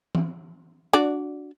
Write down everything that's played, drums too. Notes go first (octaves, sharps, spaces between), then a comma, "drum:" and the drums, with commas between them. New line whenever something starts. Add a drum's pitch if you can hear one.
drum: tom E3
D4 F#4 D5